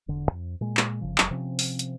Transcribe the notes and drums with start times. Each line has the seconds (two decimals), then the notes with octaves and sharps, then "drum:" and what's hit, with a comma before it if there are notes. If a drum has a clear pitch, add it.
0.08 E1 D3
0.31 F2
0.61 A#2 G#3
0.77 drum: clap
1.01 G1 C#3 F3
1.18 F1 F#3, drum: clap
1.31 C3 F3 C4 C#4
1.59 drum: open hi-hat
1.79 drum: hi-hat